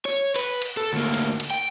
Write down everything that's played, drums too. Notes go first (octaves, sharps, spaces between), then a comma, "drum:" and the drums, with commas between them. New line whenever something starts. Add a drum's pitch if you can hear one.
C#5
B4, drum: cymbal
drum: cymbal
A4
D2 A#3
drum: cymbal
drum: cymbal
G5